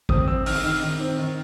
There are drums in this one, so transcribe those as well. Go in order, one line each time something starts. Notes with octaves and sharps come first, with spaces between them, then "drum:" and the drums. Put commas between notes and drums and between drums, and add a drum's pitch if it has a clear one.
C4 D#6, drum: kick G#1
C4 E6
D#3 F6, drum: open hi-hat
E6
D#3 F6
D#3
C4
D#3